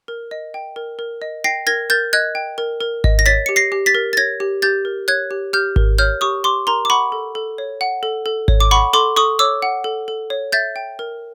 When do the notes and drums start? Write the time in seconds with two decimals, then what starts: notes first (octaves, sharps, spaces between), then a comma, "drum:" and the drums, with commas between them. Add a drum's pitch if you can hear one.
0.08 A#4
0.31 D#5
0.54 G5
0.76 A#4
0.99 A#4
1.22 D#5
1.44 G5 A#6 C7
1.67 A#4 G#6 A#6
1.90 A#4 G6 A6
2.13 D#5 F#6 G#6
2.35 G5
2.58 A#4
2.81 A#4
3.04 D#5, drum: kick G#1
3.19 A#6
3.26 C#5 A6 B6
3.46 G4 C#7
3.56 A#6 C7
3.72 G4
3.86 A6 B6
3.95 A#4
4.13 A6
4.17 C#5 G#6 A#6
4.40 G4
4.62 G4 G6 A6
4.85 A#4
5.08 C#5 F#6 G#6
5.31 G4
5.53 G4 F6 G6
5.76 A#4, drum: kick G#1
5.98 C#5 F6 G6
6.21 G4 C#6 D#6
6.44 G4 C6 D6
6.67 A#4 A#5 C6
6.85 D6
6.90 F#5 B5 C#6
7.12 A4
7.35 A4
7.58 C#5
7.81 F#5
8.03 A4
8.26 A4
8.48 C#5, drum: kick G#1
8.60 D6
8.71 F#5 B5 C#6
8.93 A4 C6 D6
9.16 A4 C#6 D#6
9.39 C#5 D6 E6
9.62 F#5
9.84 A4
10.08 A4
10.30 C#5
10.52 E5 G6 A6
10.76 G5
10.99 A#4